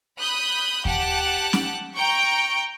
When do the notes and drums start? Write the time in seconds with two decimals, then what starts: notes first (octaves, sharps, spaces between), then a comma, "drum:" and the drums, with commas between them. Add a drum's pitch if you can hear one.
0.20 B5 D#6 F#6 G6
0.85 G4 F#5 A5 F#6, drum: kick D#2
1.53 drum: snare C#4
1.96 G5 A#5 C#6 G6 D7